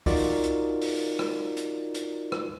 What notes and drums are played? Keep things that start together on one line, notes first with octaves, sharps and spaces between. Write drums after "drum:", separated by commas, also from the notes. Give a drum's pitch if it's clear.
D#4 F4 F#4 A#4 D5, drum: kick C2, open hi-hat
drum: hi-hat
drum: open hi-hat
drum: rim click
drum: hi-hat
drum: hi-hat
drum: rim click